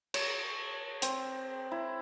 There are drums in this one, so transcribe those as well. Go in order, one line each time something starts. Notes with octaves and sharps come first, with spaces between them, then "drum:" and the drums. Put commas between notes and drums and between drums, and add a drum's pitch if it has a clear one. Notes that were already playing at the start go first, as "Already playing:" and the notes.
C#5, drum: cymbal
C4, drum: hi-hat
E4